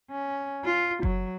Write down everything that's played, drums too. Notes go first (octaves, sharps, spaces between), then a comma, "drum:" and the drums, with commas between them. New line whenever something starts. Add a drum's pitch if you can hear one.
C#4
F4
F#3, drum: kick F#1